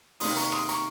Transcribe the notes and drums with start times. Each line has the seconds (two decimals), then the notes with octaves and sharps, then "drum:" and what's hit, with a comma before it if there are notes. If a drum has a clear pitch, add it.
0.20 C3 D#3 A#3 C#4 C6 D#6, drum: open hi-hat
0.36 A#5 C#6, drum: hi-hat
0.52 C6 D#6, drum: rim click
0.69 A#5 C#6, drum: hi-hat